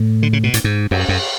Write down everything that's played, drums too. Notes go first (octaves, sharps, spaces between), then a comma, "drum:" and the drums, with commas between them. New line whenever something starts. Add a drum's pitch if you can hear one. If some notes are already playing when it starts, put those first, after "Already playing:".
Already playing: A2
D3
C#3
B2
A2, drum: hi-hat
G#2
F#2, drum: cymbal
F#2